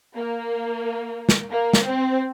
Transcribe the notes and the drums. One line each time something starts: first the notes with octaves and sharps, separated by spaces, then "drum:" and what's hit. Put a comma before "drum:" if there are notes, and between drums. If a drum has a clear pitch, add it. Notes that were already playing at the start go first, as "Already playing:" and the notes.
A#3
drum: snare
A#3
drum: snare
C4